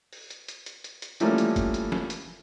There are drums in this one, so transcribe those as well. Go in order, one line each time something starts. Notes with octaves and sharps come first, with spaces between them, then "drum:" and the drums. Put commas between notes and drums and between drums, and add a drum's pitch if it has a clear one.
drum: open hi-hat
drum: hi-hat
drum: hi-hat
drum: hi-hat
drum: hi-hat
drum: hi-hat
E3 F3 G3 A3 A#3 C#4, drum: hi-hat
drum: hi-hat
drum: kick F#1, hi-hat
drum: hi-hat
drum: snare
drum: hi-hat